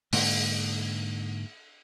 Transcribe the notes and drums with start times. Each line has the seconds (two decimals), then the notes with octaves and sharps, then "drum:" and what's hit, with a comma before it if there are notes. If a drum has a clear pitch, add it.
0.13 G#2 D3 A#3, drum: open hi-hat